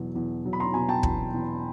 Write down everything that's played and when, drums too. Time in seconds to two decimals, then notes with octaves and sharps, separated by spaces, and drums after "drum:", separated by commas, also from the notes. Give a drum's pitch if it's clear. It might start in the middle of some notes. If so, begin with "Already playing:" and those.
Already playing: E2 B2 F#3
0.15 E2
0.45 F#3
0.53 B5
0.60 A#5 C6
0.74 B2 G#5 A#5
0.88 G5 A5
1.03 E2, drum: kick
1.34 E2